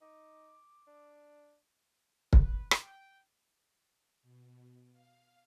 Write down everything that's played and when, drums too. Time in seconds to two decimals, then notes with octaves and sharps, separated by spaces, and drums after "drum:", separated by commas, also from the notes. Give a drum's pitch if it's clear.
0.01 D#4 D6
0.87 D4
2.33 B4, drum: kick
2.71 drum: rim click
2.81 G5
4.22 B2
4.92 F5